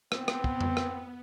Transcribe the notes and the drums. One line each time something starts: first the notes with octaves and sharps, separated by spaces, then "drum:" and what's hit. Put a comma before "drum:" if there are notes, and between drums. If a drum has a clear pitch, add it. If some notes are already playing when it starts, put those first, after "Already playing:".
B3 C4, drum: rim click
drum: rim click
drum: kick
drum: tom F2
drum: rim click